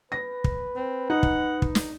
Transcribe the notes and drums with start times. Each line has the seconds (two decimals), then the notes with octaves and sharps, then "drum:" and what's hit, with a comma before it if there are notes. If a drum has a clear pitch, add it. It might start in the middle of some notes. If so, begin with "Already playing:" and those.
0.12 B4 A#6
0.44 drum: kick
0.76 C4
1.10 D#4 F#5
1.23 drum: kick
1.62 drum: kick
1.75 drum: snare